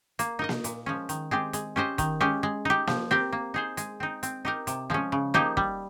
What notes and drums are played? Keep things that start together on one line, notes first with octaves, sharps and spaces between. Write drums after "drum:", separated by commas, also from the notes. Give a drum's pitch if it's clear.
A#3, drum: hi-hat
D#4 A#4 D#5
drum: snare A#3
A#2, drum: hi-hat
F3 G#3 C#4
D#3, drum: hi-hat
G#3 C4 G4
G#3, drum: hi-hat
C#4 G4 C5 D#5
D#3, drum: kick, hi-hat
G#3 C#4 G4
G#3
D#4 G4
F3, drum: snare A#3
C4 G4 A#4
A#3
D#4 G#4 C5
G#3, drum: hi-hat
C4 D#4
C4, drum: hi-hat
D#4 G4 A#4
C3, drum: hi-hat
F3 G#3 C#4
C#3
F3 A#3 D#4 G4
G3, drum: kick